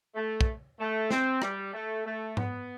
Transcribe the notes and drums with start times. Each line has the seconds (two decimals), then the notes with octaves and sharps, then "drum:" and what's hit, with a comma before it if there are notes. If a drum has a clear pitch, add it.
0.15 A3
0.41 drum: kick
0.78 A3
1.10 C4, drum: snare
1.42 G3, drum: rim click
1.74 A3
2.05 A3
2.37 B3, drum: tom G#2